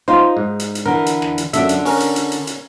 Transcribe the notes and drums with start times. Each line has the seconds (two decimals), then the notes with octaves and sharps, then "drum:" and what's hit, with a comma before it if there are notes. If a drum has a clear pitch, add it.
0.08 D#4 F4 C5
0.37 G#2
0.60 drum: hi-hat
0.75 drum: hi-hat
0.86 D3 E3 A#4
1.06 drum: hi-hat
1.22 drum: rim click
1.38 drum: hi-hat
1.53 F#2 D3 D4 E5, drum: hi-hat
1.69 drum: hi-hat
1.85 C#4 A#4, drum: open hi-hat
2.00 drum: hi-hat
2.16 drum: hi-hat
2.32 drum: hi-hat
2.47 drum: hi-hat